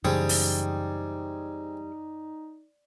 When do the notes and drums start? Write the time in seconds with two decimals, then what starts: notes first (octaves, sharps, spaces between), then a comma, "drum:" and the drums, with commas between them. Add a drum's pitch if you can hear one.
0.04 F#2 C#3 E3 G3 C4 D#4 G#4 D#6
0.29 drum: open hi-hat